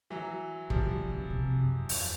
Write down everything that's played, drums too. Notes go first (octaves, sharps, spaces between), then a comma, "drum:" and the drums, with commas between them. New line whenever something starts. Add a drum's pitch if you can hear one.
E3 F#3
D#3 F3 G3, drum: kick
D3
C#3
C3
F#2
E2, drum: open hi-hat